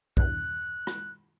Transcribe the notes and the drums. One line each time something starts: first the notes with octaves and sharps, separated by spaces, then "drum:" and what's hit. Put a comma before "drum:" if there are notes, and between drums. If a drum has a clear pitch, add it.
E2 G2 F#6, drum: kick
drum: rim click